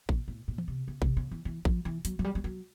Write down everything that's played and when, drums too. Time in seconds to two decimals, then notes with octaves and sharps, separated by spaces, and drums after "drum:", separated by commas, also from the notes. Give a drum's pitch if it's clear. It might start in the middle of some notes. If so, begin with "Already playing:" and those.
0.09 A#2, drum: kick A1
0.28 A2
0.48 A#2
0.58 drum: tom E3
0.68 C3
0.88 C#3
1.02 C3, drum: kick A1
1.17 C#3
1.31 E3
1.45 E3
1.65 F3, drum: kick A1
1.85 E3
2.05 F#3, drum: hi-hat
2.19 F#3, drum: tom
2.24 G3
2.35 G3
2.44 F#3